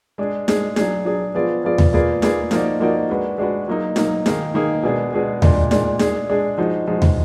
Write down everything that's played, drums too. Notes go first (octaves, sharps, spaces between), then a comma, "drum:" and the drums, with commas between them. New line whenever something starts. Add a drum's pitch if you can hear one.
G#3 D4 G#4
G#3 D4 G#4, drum: snare D#4
F#3 D4 G#4, drum: snare D#4
F#3 D4 G#4
F3 B3 F4 G#4 D5
F3 B3 F4 G#4 D5
drum: tom D#2
A#3 F4 G#4 B4 D5
A#3 F4 G#4 B4 D5, drum: snare D#4
F3 A#3 D#4 F#4 D5, drum: snare D#4
F3 A#3 D#4 F#4 D5
G#3 D4 F#4 B4
G#3 D4 F#4 B4
F#3 A#3 D#4
F#3 A#3 D#4, drum: snare D#4
D#3 A#3 D#4 G#4, drum: snare D#4
D#3 A#3 D#4 G#4
B2 G#3 D4 G#4
B2 G#3 D4 G#4
A#2 G#3 D4, drum: tom D#2
A#2 G#3 D4, drum: snare D#4
G#3 D4 G#4, drum: snare D#4
G#3 D4 G#4
F3 G#3 D#4 F#4
F3 G#3 D#4 F#4
drum: tom D#2